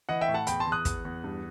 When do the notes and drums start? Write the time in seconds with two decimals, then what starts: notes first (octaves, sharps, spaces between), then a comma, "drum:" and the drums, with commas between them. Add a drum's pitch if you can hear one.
0.09 E3 D#5 F#5
0.21 E5 G5
0.28 A2
0.34 F#5 A5
0.47 E2 G5 B5, drum: hi-hat
0.60 A5 C6
0.66 E2
0.72 D#6 F#6
0.85 E2, drum: kick, hi-hat
1.05 E2
1.24 G2